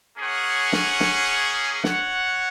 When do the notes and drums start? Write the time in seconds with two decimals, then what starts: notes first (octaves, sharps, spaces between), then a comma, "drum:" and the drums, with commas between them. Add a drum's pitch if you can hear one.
0.16 A#3 C#4 G#4 C#5 F#5
0.72 drum: snare
1.00 drum: snare
1.84 F#4 C#5 F#5, drum: snare